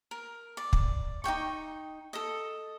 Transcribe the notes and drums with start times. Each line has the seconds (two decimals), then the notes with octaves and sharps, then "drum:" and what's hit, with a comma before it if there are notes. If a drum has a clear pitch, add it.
0.11 A#4
0.57 D5
0.73 drum: kick
1.24 D#4 F#4 G5 C#6
2.13 A4 D#5